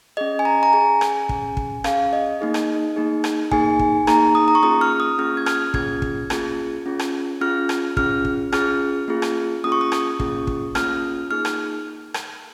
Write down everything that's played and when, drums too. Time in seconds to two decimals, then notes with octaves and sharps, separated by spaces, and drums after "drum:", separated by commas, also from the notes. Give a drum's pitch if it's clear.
0.17 C#4 G#4 D#5
0.39 G#5
0.45 A#5
0.63 A#5
0.73 C#4 G#4 G#5
1.01 drum: rim click
1.29 C#4 G#4, drum: kick
1.57 drum: kick
1.84 C#4 G#4 F5, drum: rim click
2.13 D#5
2.41 A#3 D#4 G#4
2.54 drum: rim click
2.96 A#3 D#4 G#4
3.24 drum: rim click
3.51 A#3 D#4 G#4 G#5, drum: kick
3.79 drum: kick
4.07 A#3 D#4 G#4 A#5, drum: rim click
4.35 D#6
4.48 A#5
4.55 C#6
4.63 A#3 C#4 F4 G#4 D#6
4.81 F6
5.00 D#6
5.18 A#3 C#4 F4 G#4 F6
5.37 G#6
5.46 F6, drum: rim click
5.74 A#3 C#4 F4 G#4 G#6, drum: kick
6.02 drum: kick
6.30 A#3 C#4 F4 G#4, drum: rim click
6.86 C#4 F4 G#4
6.99 drum: rim click
7.41 C#4 F4 G#4 F6
7.69 drum: rim click
7.97 C#4 F4 G#4 F6, drum: kick
8.25 drum: kick
8.52 C#4 F4 G#4 F6, drum: rim click
9.08 A#3 C#4 F4 G#4
9.22 drum: rim click
9.64 A#3 C#4 F4 G#4 D#6
9.72 C#6
9.81 D#6
9.92 drum: rim click
10.20 A#3 C#4 F4 G#4, drum: kick
10.47 drum: kick
10.75 A#3 C#4 F4 G#4 F6, drum: rim click
11.31 A#3 D#4 G#4 F6
11.45 drum: rim click
12.14 drum: rim click